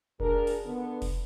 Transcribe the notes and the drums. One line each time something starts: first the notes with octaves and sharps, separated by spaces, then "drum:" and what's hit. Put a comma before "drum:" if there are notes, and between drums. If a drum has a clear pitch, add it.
D2 D4 G#4 A#4, drum: kick F1
drum: open hi-hat
D3 B3
drum: kick F1, open hi-hat